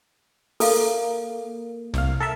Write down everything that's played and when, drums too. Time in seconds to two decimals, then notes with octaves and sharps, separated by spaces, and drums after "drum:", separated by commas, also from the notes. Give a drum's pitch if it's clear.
0.60 A#3 A4 F5, drum: open hi-hat
1.94 C2 F5, drum: snare
2.20 A4 A#4 E5